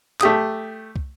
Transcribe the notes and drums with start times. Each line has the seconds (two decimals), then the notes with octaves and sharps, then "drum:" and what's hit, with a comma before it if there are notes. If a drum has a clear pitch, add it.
0.21 A3 G4 D#6, drum: clap
0.96 drum: kick